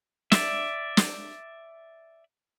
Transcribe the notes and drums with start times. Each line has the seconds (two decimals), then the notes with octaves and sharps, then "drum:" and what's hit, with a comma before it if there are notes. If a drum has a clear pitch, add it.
0.32 D5 E5, drum: snare
0.97 drum: snare